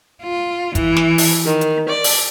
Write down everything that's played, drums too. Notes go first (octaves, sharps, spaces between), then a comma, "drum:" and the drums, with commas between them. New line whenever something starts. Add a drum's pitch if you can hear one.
F4
E3, drum: kick, hi-hat
drum: snare
drum: open hi-hat
D#3
drum: hi-hat
D5
drum: open hi-hat